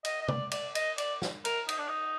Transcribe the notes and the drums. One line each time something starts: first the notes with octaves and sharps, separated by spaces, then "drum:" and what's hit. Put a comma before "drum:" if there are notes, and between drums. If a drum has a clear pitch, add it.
D#5, drum: cymbal
D#5
D5, drum: tom C3
D5, drum: cymbal
D#5, drum: cymbal
D5, drum: cymbal
drum: snare
A#4, drum: cymbal
D#4, drum: cymbal
D4
D#4